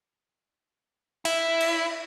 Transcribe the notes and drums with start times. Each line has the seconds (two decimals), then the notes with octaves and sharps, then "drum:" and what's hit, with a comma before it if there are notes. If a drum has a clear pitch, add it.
1.25 E4, drum: cymbal
1.61 drum: cymbal